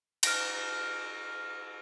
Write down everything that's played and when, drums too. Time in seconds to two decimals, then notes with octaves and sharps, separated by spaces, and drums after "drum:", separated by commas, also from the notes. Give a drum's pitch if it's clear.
0.23 F6 A#6 D7, drum: cymbal